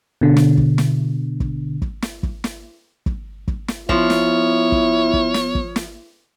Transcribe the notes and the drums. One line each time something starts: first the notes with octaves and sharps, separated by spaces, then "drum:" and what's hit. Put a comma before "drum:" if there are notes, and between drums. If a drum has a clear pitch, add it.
B2 D3
drum: snare
drum: kick
drum: snare
drum: kick
drum: kick
drum: snare
drum: kick
drum: snare
drum: kick
drum: kick
drum: snare
F3 B3 E4 C#5, drum: kick
drum: snare
drum: kick
drum: kick
drum: snare
drum: kick
drum: snare